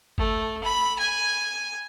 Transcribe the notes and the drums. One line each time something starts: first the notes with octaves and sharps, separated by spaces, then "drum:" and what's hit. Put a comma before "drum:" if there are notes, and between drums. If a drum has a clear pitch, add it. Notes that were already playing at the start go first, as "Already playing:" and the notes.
A3, drum: kick G1
B5
G#5